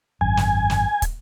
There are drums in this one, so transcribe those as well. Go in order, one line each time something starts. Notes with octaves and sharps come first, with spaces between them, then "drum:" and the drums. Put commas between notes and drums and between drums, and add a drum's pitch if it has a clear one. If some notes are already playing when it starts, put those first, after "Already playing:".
G#1 F#2 G#5
drum: snare
drum: snare
drum: kick, hi-hat